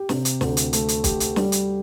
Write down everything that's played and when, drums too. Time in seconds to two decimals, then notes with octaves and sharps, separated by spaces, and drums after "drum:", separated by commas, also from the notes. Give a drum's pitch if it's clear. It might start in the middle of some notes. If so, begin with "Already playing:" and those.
Already playing: G4
0.09 C3, drum: snare
0.25 drum: hi-hat
0.41 D2, drum: snare
0.57 drum: hi-hat
0.73 A3, drum: hi-hat
0.88 drum: hi-hat
1.04 G4, drum: kick, hi-hat
1.20 drum: hi-hat
1.36 G3, drum: snare
1.52 drum: hi-hat